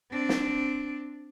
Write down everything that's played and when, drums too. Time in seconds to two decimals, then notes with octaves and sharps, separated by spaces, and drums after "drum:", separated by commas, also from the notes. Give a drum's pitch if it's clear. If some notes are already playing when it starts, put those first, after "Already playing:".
0.12 C4 D4
0.29 drum: snare